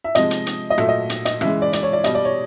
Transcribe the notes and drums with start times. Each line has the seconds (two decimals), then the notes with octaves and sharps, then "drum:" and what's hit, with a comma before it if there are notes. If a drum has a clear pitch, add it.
0.04 E5
0.15 C3 F3 G#3 D#5, drum: hi-hat
0.31 drum: hi-hat
0.46 drum: hi-hat
0.70 D#5
0.78 A#2 F#3 A3 E5, drum: rim click
0.89 D#5
1.10 drum: hi-hat
1.25 D#5, drum: hi-hat
1.41 C#3 E3 G#3 E5, drum: rim click
1.62 D5
1.73 D5, drum: hi-hat
1.83 C#5
1.93 D5
2.04 B2 G3 D#5, drum: hi-hat
2.15 D5
2.25 C#5